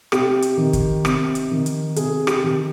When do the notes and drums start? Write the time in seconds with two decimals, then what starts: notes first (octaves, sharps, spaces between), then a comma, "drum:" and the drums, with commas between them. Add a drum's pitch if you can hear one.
0.12 C3 G4, drum: rim click
0.42 drum: hi-hat
0.57 D#3
0.73 drum: kick, hi-hat
1.05 C3, drum: rim click
1.35 drum: hi-hat
1.51 D#3
1.66 drum: hi-hat
1.96 C3 G#4, drum: hi-hat
2.27 G4, drum: rim click
2.44 D#3